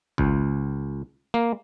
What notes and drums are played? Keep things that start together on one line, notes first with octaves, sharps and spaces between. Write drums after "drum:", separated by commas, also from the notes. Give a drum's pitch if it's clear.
C#2, drum: kick G#1
A#3